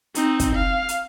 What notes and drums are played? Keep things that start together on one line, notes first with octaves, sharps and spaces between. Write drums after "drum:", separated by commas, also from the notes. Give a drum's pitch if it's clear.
C4 D#4, drum: hi-hat
drum: kick, hi-hat
F5
drum: hi-hat